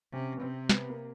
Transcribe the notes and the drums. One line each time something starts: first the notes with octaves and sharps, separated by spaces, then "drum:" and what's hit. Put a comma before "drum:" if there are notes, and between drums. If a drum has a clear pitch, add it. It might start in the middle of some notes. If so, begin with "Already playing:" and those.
C3 C#4
B3
C3 C4
B3, drum: snare
A#3